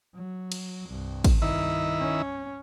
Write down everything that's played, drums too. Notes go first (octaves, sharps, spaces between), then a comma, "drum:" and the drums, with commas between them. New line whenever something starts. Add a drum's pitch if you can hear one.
F#3
drum: cymbal
C2 G2
drum: kick A1, cymbal
D#3 E4
C#4